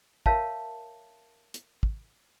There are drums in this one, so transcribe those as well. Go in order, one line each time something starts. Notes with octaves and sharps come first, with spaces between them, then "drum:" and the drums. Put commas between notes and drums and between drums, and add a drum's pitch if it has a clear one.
A#4 C#5 E5 F5 A5, drum: kick
drum: hi-hat
drum: kick